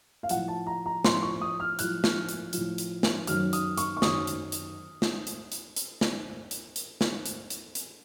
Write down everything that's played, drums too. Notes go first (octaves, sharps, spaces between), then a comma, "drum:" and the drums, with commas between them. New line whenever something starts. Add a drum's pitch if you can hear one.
F5
A2 F3 F#5, drum: hi-hat
A5
A#5
A#5
A2 F3 C6, drum: snare
C#6
D#6
F6
A2 F3 F#6, drum: hi-hat
drum: snare
drum: hi-hat
A2 F3, drum: hi-hat
drum: hi-hat
drum: snare
F#2 D#3 F#3 F6, drum: hi-hat
D#6, drum: hi-hat
C#6, drum: hi-hat
C#6
F#2 D#3 F#3 D#6, drum: snare
drum: hi-hat
drum: hi-hat
drum: snare
drum: hi-hat
drum: hi-hat
drum: hi-hat
drum: snare
drum: hi-hat
drum: hi-hat
drum: snare
drum: hi-hat
drum: hi-hat
drum: hi-hat